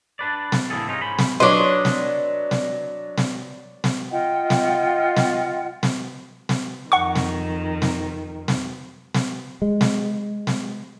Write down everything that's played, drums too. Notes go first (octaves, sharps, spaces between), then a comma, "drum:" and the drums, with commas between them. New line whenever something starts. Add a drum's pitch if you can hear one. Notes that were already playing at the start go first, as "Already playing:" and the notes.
D4 B4 D5
drum: snare
A2 D3 E3 A#3 G#4 A4
G#2 C3 G#3 C#4 D#4 F4
G#2 C#4 C5 B5
drum: snare
F#3 D4 B4 C#5 D#5 C6 C#6 E6
D5
drum: snare
drum: snare
drum: snare
drum: snare
F4 D#5 F#5 G5
drum: snare
drum: snare
drum: snare
drum: snare
F2 D#3 F#5 C#6
drum: snare
drum: snare
drum: snare
drum: snare
G#3
drum: snare
drum: snare